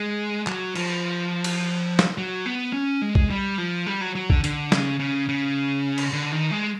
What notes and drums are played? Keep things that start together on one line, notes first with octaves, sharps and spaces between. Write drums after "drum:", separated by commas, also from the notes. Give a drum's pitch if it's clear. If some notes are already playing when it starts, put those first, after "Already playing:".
Already playing: G#3
F#3, drum: clap
F3, drum: cymbal
drum: cymbal
drum: snare
F#3
B3
C#4
G#3
drum: kick
G3
F3
G3
F#3
F#3
D3, drum: kick
D3, drum: hi-hat
C#3, drum: snare
C#3
C#3
drum: cymbal
D3
D#3
G#3